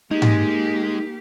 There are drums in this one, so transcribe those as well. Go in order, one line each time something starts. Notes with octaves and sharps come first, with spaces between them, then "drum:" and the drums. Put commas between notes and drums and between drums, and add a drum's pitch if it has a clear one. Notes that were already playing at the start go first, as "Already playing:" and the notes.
G#3 A#3 D#4 G4
drum: tom G#2